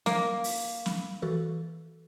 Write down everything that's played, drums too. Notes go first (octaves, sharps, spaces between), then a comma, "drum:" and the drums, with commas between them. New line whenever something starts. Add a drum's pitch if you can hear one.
A#3, drum: snare
drum: open hi-hat
B5, drum: snare
E3 F#4 A4